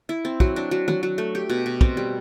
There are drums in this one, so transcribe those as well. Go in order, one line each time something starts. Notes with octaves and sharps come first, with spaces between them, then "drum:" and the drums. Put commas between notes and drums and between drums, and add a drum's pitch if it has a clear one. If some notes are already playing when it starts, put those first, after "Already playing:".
E4
C4
F#3, drum: kick
D4
F#3
F#3, drum: tom
F#3
A3
G4
B2
B2
C4, drum: kick
G3